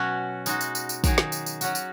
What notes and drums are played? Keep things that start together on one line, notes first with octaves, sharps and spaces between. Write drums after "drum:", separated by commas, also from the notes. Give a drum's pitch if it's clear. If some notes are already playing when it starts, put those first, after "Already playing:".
Already playing: B2 F#3 C#4 F#4
G#3 D#4 F#4, drum: tambourine
drum: tambourine
drum: tambourine
drum: tambourine
D#3 F#3 D#4 G#4, drum: kick, tambourine
drum: snare
drum: tambourine
drum: tambourine
F#3 C#4 F#4, drum: tambourine
drum: tambourine